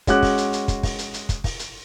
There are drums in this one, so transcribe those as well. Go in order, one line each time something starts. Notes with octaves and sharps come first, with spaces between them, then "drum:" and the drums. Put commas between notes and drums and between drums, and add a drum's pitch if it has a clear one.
G#3 C#4 F#4 D6 F#6, drum: kick, hi-hat
drum: kick, open hi-hat
drum: hi-hat
drum: hi-hat
drum: kick, hi-hat
drum: kick, open hi-hat
drum: hi-hat
drum: hi-hat
drum: kick, hi-hat
drum: kick, open hi-hat
drum: hi-hat